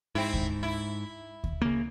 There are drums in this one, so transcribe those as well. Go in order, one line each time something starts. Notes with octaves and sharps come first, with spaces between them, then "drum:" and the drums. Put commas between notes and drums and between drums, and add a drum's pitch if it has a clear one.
G#2 C4 E4
drum: kick D2
E4
drum: kick D2
C#3 A#3